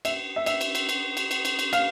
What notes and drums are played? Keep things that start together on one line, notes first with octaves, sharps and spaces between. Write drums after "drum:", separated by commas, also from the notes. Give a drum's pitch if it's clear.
E5, drum: cymbal
E5
E5, drum: cymbal
drum: cymbal
drum: cymbal
drum: cymbal
drum: cymbal
drum: cymbal
drum: cymbal
drum: cymbal
F5, drum: cymbal